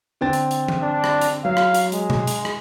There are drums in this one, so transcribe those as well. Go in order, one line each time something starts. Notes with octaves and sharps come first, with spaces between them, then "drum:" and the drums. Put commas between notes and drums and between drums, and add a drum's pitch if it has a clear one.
D3 C4 A6
drum: hi-hat
drum: hi-hat
drum: tom E3
D4
drum: rim click
drum: hi-hat
F#3 F5
drum: rim click
drum: hi-hat
G#3, drum: hi-hat
drum: tom B2
drum: hi-hat
drum: rim click